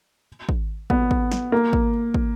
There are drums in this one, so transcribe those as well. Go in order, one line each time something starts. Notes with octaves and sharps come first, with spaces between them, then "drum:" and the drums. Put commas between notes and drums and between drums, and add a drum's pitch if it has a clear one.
drum: kick
B3, drum: kick
drum: kick
drum: snare
A#3
drum: kick
drum: kick